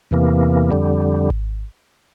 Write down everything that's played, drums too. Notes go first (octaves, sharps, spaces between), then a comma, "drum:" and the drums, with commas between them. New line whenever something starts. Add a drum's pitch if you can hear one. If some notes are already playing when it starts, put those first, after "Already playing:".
E2 C3 E3 A#3
F2 D3 G3
drum: kick G#1